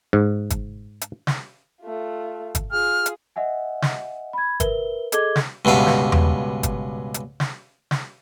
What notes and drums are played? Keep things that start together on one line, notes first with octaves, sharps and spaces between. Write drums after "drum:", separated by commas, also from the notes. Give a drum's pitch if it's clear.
G#2
drum: kick, hi-hat
drum: hi-hat
drum: snare
A3 F4
drum: kick, hi-hat
F4 G#4 F6
drum: hi-hat
D#5 E5 F#5 G#5
drum: snare
B5 G#6
A#4 B4 E5 G7, drum: kick, hi-hat
G#4 A4 D#5 D6 G#6 G7, drum: hi-hat
drum: snare
C#2 G2 B2 E5 F5
drum: snare
drum: tom E2
drum: kick, hi-hat
drum: hi-hat
drum: snare
drum: snare